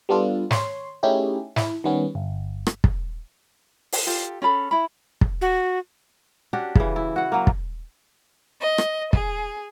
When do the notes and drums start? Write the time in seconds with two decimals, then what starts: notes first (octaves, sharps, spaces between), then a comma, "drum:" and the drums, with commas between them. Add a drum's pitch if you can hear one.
0.09 G3 B3 D4 F4 A4
0.51 C#5 C6, drum: snare
1.03 A3 C#4 D#4 E4 G4 G#4
1.56 E4, drum: snare
1.84 D#3 G3 B3 C#4
2.15 G1
2.67 drum: rim click
2.84 drum: kick
3.92 drum: open hi-hat
4.07 F4 G4 A4
4.42 C#4 G#4 A4 B5
4.71 E4 B5
5.21 drum: kick
5.41 F#4
6.53 C#4 D4 F#4 G4
6.75 C#3 E3, drum: kick
6.96 E4
7.16 F#4 F#5
7.32 F#3 A#3
7.47 drum: kick
8.60 D#5
8.78 drum: rim click
9.13 G#4, drum: kick